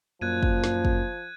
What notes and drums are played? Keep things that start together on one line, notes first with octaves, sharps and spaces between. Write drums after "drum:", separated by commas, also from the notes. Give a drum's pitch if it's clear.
F#2 A#2 F3 F#6 G#6 D#7
drum: kick
drum: snare
drum: kick